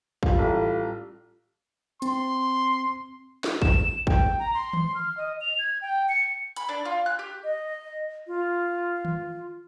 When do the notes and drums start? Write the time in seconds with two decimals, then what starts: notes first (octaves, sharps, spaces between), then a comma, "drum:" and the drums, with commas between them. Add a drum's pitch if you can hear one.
0.23 G3 F4, drum: kick A1
0.38 A1
2.02 C4 C6, drum: hi-hat
3.44 drum: snare
3.62 E7, drum: kick A1
4.07 G5, drum: kick A1
4.39 A#5
4.54 C6
4.73 drum: tom D#3
4.95 F6
5.17 D#5
5.41 F7
5.59 G#6
5.82 G5
6.09 C#7
6.56 B5, drum: hi-hat
6.69 D4
6.85 F4
7.06 F#6
7.19 G4
7.44 D#5
8.27 F4
9.05 drum: tom D#3